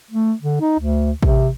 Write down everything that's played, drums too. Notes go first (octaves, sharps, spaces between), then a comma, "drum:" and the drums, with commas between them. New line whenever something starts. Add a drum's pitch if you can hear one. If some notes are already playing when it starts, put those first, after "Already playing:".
A3
D3
D#4
D2
C3, drum: kick A1